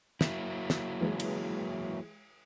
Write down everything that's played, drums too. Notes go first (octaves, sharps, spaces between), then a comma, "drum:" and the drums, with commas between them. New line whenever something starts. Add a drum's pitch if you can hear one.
F#3 A#3 E4, drum: snare
drum: snare
E3 G#3
drum: cymbal